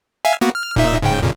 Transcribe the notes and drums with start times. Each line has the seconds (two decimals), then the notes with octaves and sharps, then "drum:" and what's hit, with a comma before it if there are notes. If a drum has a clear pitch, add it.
0.25 E5 F5 G#5, drum: snare
0.41 A#3 B3 F#4, drum: snare
0.55 F6
0.76 A#2 D#4 E5, drum: kick D1
1.02 G#2 C#3 G5
1.22 F2 A#2 C#3